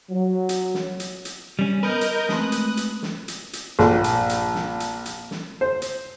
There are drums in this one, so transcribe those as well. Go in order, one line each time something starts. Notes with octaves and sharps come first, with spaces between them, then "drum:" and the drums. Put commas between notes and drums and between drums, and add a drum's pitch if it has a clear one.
F#3
drum: hi-hat
drum: snare
drum: hi-hat
drum: hi-hat
G3 C#4
B3 A#4 B4 D#5 G6
drum: hi-hat
G#3 A3 C4 D#6 F#6, drum: snare
drum: hi-hat
drum: hi-hat
drum: snare
drum: hi-hat
drum: hi-hat
A#1, drum: snare
drum: hi-hat
drum: hi-hat
drum: snare
drum: hi-hat
drum: hi-hat
drum: snare
C5
drum: hi-hat